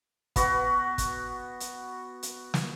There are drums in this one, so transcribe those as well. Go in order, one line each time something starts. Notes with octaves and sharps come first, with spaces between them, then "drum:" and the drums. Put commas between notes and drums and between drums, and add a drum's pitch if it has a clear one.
B3 F#4, drum: kick, hi-hat
drum: kick, hi-hat
drum: hi-hat
drum: hi-hat
drum: snare